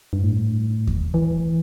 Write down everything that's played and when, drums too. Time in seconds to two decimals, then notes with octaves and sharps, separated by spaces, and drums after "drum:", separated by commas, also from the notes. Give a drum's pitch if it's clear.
0.13 G2
0.23 A2
0.87 drum: kick D#2
1.14 E3